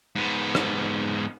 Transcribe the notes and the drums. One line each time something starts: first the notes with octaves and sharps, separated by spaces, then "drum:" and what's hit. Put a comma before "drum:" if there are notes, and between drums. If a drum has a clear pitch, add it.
G#2 B3
drum: rim click